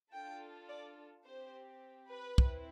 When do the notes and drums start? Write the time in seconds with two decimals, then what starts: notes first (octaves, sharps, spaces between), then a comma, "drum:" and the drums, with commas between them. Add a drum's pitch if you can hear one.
0.12 D4 F4 A4 G5
0.69 D5
1.25 C4 G4 C5
2.10 B4
2.38 C4 E4, drum: kick